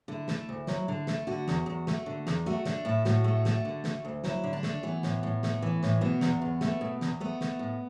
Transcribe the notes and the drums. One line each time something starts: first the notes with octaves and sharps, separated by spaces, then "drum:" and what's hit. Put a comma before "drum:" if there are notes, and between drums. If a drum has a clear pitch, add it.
D3 E4
A3, drum: snare
D2
F#3, drum: snare
D3
A3, drum: snare
D3 F#4
E2, drum: snare
E2
A3, drum: snare
D3
E2, drum: snare
A3 F#4
A3 D4, drum: snare
A2 E4
A2 F#4, drum: snare
A3
A3, drum: snare
D3
A3, drum: snare
D2
F#3 E4, drum: snare
D3
D4
A3, drum: snare
E3 B3
A2, drum: snare
A2
A3, drum: snare
E3
A2, drum: snare
B2 B3
E2, drum: snare
E2
A3, drum: snare
B2
E2, drum: snare
A3 B3
A3, drum: snare
A2